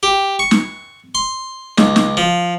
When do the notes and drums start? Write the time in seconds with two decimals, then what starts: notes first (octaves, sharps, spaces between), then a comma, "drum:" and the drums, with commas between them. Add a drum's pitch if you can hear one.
0.03 G4
0.39 C#6
0.51 drum: snare
1.15 C6
1.78 C#2, drum: snare
1.96 drum: snare
2.17 F3